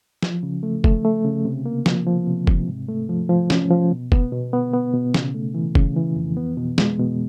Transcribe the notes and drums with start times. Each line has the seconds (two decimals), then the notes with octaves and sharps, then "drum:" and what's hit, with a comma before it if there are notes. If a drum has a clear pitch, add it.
0.23 F3, drum: snare
0.43 C#3
0.63 A3
0.84 A3, drum: kick
1.05 A3
1.24 C#3
1.45 C3
1.66 A#3
1.86 F3, drum: snare
2.06 F3
2.27 C3
2.47 C3, drum: kick
2.68 G#2
2.88 A3
3.09 F3
3.29 F3
3.50 C#4, drum: snare
3.71 F3
3.92 B2
4.12 B3, drum: kick
4.33 B2
4.53 B3
4.73 B3
4.94 B2
5.14 C#3, drum: snare
5.34 A3
5.54 E3
5.75 C#3, drum: kick
5.96 E3
6.16 F2
6.37 B3
6.57 B2
6.78 G#3, drum: snare
6.99 B2